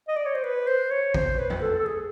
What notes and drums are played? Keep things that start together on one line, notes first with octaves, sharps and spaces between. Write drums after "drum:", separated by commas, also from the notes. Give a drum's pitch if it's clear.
D#5
D5
C#5
C5
B4
C5
C#5
C5, drum: kick A1
B4
drum: tom F2
A4
A4
G#4